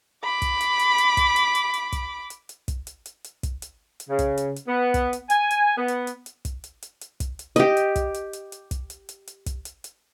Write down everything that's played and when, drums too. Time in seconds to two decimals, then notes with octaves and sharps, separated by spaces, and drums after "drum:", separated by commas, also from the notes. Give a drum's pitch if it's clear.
0.23 B5 D6
0.42 drum: kick, hi-hat
0.61 drum: hi-hat
0.79 drum: hi-hat
0.98 drum: hi-hat
1.17 drum: kick, hi-hat
1.36 drum: hi-hat
1.55 drum: hi-hat
1.74 drum: hi-hat
1.92 drum: kick, hi-hat
2.30 drum: hi-hat
2.49 drum: hi-hat
2.68 drum: kick, hi-hat
2.87 drum: hi-hat
3.06 drum: hi-hat
3.24 drum: hi-hat
3.43 drum: kick, hi-hat
3.62 drum: hi-hat
4.00 drum: hi-hat
4.10 C#3
4.19 drum: kick, hi-hat
4.37 drum: hi-hat
4.56 drum: hi-hat
4.68 B3
4.94 drum: kick, hi-hat
5.13 drum: hi-hat
5.30 G#5, drum: hi-hat
5.51 drum: hi-hat
5.78 B3
5.88 drum: hi-hat
6.07 drum: hi-hat
6.26 drum: hi-hat
6.45 drum: kick, hi-hat
6.64 drum: hi-hat
6.82 drum: hi-hat
7.01 drum: hi-hat
7.20 drum: kick, hi-hat
7.39 drum: hi-hat
7.56 G4 D#5, drum: hi-hat
7.77 drum: hi-hat
7.96 drum: kick, hi-hat
8.14 drum: hi-hat
8.33 drum: hi-hat
8.52 drum: hi-hat
8.71 drum: kick, hi-hat
8.90 drum: hi-hat
9.09 drum: hi-hat
9.27 drum: hi-hat
9.46 drum: kick, hi-hat
9.65 drum: hi-hat
9.84 drum: hi-hat